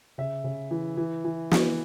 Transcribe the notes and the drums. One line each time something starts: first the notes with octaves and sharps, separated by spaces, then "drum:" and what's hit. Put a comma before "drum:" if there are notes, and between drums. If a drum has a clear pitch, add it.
C#3 E5
C#3
E3
E3
E3
E3, drum: snare